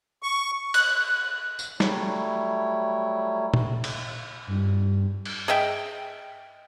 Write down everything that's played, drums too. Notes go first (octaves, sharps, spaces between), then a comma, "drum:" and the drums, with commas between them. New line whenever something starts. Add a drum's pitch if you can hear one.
C#6
F#6, drum: cymbal
drum: tambourine
F#3 G3 A3 E4 C#5, drum: snare
drum: tom A#2
drum: cymbal
G2
drum: cymbal
G#4 D#5 E5 G5